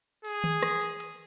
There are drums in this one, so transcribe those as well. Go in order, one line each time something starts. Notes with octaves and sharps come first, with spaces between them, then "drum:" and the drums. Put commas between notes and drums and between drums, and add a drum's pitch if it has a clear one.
G#4, drum: open hi-hat
drum: tom D#3
drum: rim click
drum: hi-hat
drum: hi-hat